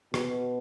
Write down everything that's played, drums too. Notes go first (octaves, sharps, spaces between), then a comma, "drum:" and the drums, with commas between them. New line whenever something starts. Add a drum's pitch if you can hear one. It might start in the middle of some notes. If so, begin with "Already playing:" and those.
B2, drum: rim click